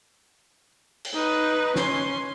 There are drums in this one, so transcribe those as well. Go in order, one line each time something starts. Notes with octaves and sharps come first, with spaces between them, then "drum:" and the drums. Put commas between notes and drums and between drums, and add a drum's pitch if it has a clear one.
drum: cymbal
D#4 B4
C#4 C6, drum: snare